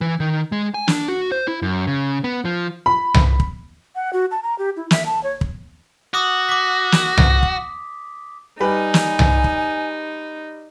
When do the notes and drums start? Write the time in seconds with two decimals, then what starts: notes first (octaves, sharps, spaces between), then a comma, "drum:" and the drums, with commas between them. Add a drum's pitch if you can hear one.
0.01 E3
0.20 D#3
0.52 G#3
0.74 G#5
0.88 D4, drum: snare
1.08 F#4
1.32 C5
1.48 E4
1.62 F#2
1.87 C#3
2.24 B3
2.45 F3
2.86 B5
3.14 drum: tom C2
3.40 drum: kick
3.95 F#5
4.13 F#4
4.31 A5
4.43 A#5
4.58 G4
4.77 E4
4.91 E5, drum: snare
5.06 A5
5.24 C#5
5.41 drum: kick
6.14 F#4 D6 D#6
6.49 D6 B6
6.92 drum: snare
7.17 drum: tom C2
7.43 drum: kick
8.60 G3 D#4 G4 B4 G#5
8.94 drum: snare
9.19 drum: tom C2
9.44 drum: kick